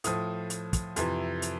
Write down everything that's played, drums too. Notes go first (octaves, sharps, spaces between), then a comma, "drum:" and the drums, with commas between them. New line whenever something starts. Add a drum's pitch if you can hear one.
A2 F3 D#6, drum: hi-hat
drum: hi-hat
drum: kick, hi-hat
F2 C3 E3, drum: hi-hat
drum: hi-hat